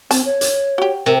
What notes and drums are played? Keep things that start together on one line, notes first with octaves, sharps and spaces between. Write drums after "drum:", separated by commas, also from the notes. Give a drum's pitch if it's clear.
C4 A5, drum: hi-hat
C#5
drum: hi-hat
F#4 G4
C3 A#4